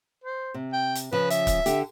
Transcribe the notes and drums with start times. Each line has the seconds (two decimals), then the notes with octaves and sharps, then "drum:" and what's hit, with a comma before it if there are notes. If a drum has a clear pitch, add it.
0.24 C5
0.54 C3
0.73 G5
0.95 drum: hi-hat
1.13 C#3 F3 B4
1.30 E5, drum: hi-hat
1.47 drum: kick C#1, hi-hat
1.66 D3 G4, drum: hi-hat